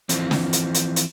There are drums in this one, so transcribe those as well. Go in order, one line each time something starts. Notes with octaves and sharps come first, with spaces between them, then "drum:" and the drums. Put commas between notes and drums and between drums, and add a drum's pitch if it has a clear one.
E3 F3 C4, drum: hi-hat
drum: snare
drum: hi-hat
drum: hi-hat
drum: hi-hat